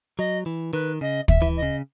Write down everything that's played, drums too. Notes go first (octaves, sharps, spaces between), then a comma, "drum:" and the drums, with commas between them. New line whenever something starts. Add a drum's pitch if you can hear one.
F#3 D#5
E3
D#3 B4
C#3 D#5
E5, drum: kick
E3
D#5
C#3